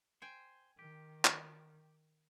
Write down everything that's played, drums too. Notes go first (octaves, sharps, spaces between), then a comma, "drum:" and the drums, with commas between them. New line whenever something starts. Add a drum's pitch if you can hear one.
C5 G5 G#5
D#3 G4
drum: clap